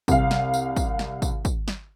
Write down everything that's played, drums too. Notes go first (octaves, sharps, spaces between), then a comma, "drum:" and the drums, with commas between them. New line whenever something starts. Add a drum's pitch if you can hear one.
C2 F5, drum: kick, tambourine
drum: snare
drum: tambourine
drum: kick, tambourine
drum: snare
drum: kick, tambourine
drum: kick, tambourine
drum: snare